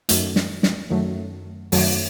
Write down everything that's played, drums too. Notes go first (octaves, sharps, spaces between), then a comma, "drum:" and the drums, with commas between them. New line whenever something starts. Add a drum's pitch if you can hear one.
F#2 D#3 F#3 A3, drum: hi-hat
drum: snare
drum: snare
F#2 D#3 F#3 A3
F#2 D#3 F#3 A3, drum: open hi-hat